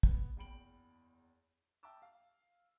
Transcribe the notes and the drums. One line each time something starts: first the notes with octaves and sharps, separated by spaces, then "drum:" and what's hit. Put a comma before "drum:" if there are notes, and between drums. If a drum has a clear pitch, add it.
B3, drum: kick
F#1 E2 G5 B5 D7 F#7
E5 G5 A5 A#5 D6 E6
F5